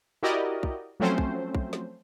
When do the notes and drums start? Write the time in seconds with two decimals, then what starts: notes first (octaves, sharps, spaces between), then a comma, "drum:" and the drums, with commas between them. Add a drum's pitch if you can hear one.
0.23 E4 F#4 G4 A#4 D5 D#5
0.63 drum: kick
1.00 F3 F#3 A3 C4 C#4 C5
1.18 drum: kick
1.55 drum: kick
1.73 drum: snare